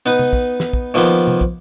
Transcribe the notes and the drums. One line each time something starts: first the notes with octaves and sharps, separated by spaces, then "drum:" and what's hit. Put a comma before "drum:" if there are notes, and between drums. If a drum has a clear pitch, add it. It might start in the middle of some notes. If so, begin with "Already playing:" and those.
B3 D#4 B4
drum: tom C3
drum: kick
drum: snare
drum: kick
D#3 F3 A#3 B3 C6
drum: tom C3
drum: kick